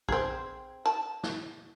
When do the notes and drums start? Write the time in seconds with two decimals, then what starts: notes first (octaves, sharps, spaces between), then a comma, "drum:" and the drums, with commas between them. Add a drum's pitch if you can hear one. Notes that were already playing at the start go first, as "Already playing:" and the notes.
0.09 C4 G#4, drum: kick A#1
0.86 A5
1.23 drum: snare